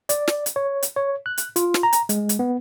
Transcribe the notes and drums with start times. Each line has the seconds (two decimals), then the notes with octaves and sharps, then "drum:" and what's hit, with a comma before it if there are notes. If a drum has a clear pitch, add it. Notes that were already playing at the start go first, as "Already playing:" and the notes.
0.09 D5, drum: hi-hat
0.28 drum: snare
0.46 drum: hi-hat
0.56 C#5
0.83 drum: hi-hat
0.96 C#5
1.26 F#6
1.38 drum: hi-hat
1.56 F4, drum: hi-hat
1.74 drum: snare
1.83 A#5
1.93 drum: hi-hat
2.09 G#3, drum: hi-hat
2.29 drum: hi-hat
2.39 B3